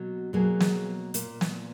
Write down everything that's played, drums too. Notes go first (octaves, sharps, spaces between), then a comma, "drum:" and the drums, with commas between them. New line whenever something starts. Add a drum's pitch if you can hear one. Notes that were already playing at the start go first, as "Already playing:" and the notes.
Already playing: B2 F#3 A#3
B2 F#3 A#3 G#4
drum: snare
A#2 A#3, drum: hi-hat
drum: snare